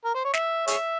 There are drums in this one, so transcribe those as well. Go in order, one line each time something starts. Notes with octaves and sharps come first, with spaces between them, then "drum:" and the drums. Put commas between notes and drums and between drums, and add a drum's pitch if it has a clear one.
A#4
C5
C#5
E5, drum: snare
G#4 C#5 E5, drum: hi-hat